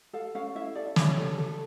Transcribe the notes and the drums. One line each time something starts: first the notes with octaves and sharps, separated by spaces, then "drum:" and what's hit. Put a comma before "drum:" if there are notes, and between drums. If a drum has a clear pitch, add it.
A4 F5
C#4 F5
E4 E5
A4 D5
C#4 C#5, drum: snare
A4
A4